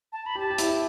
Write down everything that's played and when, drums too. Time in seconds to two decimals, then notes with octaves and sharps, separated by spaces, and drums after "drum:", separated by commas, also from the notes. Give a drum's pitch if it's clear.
0.13 A5
0.26 B5
0.35 G4 A5
0.50 G4
0.58 E4, drum: hi-hat